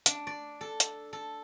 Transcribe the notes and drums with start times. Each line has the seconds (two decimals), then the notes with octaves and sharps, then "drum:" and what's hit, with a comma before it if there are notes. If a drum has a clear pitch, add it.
0.06 D4, drum: hi-hat
0.27 D5
0.61 A4
0.80 drum: hi-hat
1.13 A4